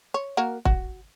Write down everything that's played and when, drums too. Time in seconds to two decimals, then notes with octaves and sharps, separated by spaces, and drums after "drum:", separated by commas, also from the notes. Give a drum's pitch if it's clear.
0.14 C#5
0.37 A#3 F#4 A#4
0.65 F#4, drum: kick